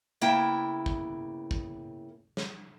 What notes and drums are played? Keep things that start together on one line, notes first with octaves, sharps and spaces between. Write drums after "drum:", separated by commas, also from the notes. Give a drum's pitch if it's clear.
C#3 A#3 B3 E4 E5 G5
drum: kick
drum: kick
drum: snare